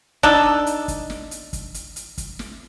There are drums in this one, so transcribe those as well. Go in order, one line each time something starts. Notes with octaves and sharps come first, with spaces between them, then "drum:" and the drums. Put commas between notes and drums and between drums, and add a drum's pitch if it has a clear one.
D4 D#4 A4, drum: kick
drum: hi-hat
drum: kick, hi-hat
drum: snare
drum: hi-hat
drum: kick, hi-hat
drum: hi-hat
drum: hi-hat
drum: kick, hi-hat
drum: snare